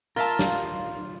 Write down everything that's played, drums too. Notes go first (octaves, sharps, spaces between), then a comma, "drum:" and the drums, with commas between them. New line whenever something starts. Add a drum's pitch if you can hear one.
F4 A#4 E5 A5
drum: snare